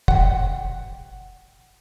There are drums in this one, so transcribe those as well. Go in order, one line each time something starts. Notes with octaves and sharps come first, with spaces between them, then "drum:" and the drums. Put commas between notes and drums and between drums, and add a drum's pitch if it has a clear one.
F#5 G5, drum: kick